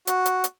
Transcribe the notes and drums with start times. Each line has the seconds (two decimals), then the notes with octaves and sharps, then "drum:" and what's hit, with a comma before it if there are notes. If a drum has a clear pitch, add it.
0.07 F#4, drum: hi-hat
0.25 drum: hi-hat
0.44 drum: hi-hat